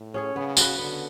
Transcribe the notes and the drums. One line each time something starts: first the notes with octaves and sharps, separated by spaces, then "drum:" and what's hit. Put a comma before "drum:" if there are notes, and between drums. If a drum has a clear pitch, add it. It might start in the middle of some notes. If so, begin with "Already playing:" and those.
Already playing: A2
C#4 G#4 C#5
C#3 B3
F#4 B4, drum: tambourine
D3 B3